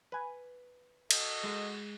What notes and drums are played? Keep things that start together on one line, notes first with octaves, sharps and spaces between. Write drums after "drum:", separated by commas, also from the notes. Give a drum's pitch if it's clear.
B4 G#5
F#4 A4 D#5, drum: cymbal
G#3